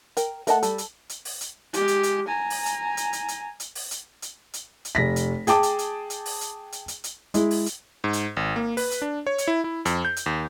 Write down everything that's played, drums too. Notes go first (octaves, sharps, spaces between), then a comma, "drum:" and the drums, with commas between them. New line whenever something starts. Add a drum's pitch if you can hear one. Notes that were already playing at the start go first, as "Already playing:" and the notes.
A#4 G5, drum: hi-hat
A3 A#4 D#5 F#5 A5, drum: hi-hat
G3 A4, drum: hi-hat
drum: hi-hat
drum: hi-hat
drum: open hi-hat
drum: hi-hat
G#3 G4, drum: hi-hat
drum: hi-hat
drum: hi-hat
G#5 A#5
drum: open hi-hat
drum: hi-hat
drum: hi-hat
drum: hi-hat
drum: hi-hat
drum: hi-hat
drum: open hi-hat
drum: hi-hat
drum: hi-hat
drum: hi-hat
drum: hi-hat
F1 A#6 B6
drum: hi-hat
G#4 G5 A5 D6, drum: hi-hat
drum: hi-hat
drum: hi-hat
drum: hi-hat
drum: open hi-hat
drum: hi-hat
drum: hi-hat
drum: hi-hat
drum: hi-hat
G#3 E4, drum: hi-hat
drum: open hi-hat
drum: hi-hat
G#2
drum: hi-hat
G#1
A#3
B4, drum: open hi-hat
drum: hi-hat
D4
C#5
drum: hi-hat
E4
E4
F2, drum: hi-hat
G6
drum: hi-hat
D#2